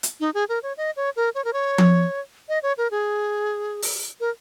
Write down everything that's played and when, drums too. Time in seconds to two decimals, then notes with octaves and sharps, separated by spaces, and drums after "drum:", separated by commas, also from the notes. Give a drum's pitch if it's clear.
0.03 drum: hi-hat
0.20 D#4
0.34 G#4
0.49 A#4
0.63 C#5
0.77 D#5
0.97 C#5
1.16 A#4
1.35 C#5
1.45 A#4
1.53 C#5
1.78 drum: tom F3
2.49 D#5
2.63 C#5
2.78 A#4
2.91 G#4
3.82 drum: open hi-hat
4.20 A#4